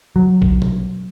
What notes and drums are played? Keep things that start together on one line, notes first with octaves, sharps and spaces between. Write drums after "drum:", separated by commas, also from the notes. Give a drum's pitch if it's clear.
F#3
drum: kick A#1
drum: tom B2